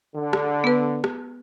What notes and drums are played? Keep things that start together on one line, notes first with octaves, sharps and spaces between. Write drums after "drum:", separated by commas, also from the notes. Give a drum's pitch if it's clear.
D3
drum: rim click
B3 B4
drum: rim click